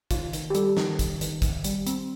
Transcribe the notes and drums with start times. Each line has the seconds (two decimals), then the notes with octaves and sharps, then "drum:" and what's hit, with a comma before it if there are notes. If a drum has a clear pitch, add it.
0.11 D#3 F4, drum: kick, hi-hat
0.33 D#3, drum: hi-hat
0.50 G4
0.55 G3 A4, drum: hi-hat
0.77 D#3, drum: snare
0.99 D#3, drum: kick, hi-hat
1.21 D#3, drum: hi-hat
1.42 D#3, drum: kick, hi-hat
1.64 G3, drum: hi-hat
1.87 C4, drum: hi-hat